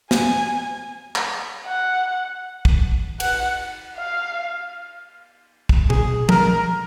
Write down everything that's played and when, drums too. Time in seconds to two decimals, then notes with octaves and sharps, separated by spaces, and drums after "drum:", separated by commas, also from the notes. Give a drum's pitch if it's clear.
0.11 G#5, drum: snare
1.15 drum: clap
1.65 F#5
2.65 drum: kick
3.20 F#5, drum: cymbal
3.97 F5
5.69 drum: kick
5.90 G#4, drum: tom B2
6.29 A#4, drum: tom